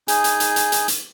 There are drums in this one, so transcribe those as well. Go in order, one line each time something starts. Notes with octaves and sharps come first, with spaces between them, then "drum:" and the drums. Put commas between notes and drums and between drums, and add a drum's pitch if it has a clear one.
D#4 G#4 G#5, drum: hi-hat
drum: hi-hat
drum: hi-hat
drum: hi-hat
drum: hi-hat
drum: hi-hat